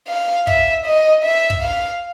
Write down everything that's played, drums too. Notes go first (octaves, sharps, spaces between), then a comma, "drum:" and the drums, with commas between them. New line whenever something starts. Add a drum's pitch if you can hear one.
F5
E5, drum: kick
D#5
E5
drum: kick
F5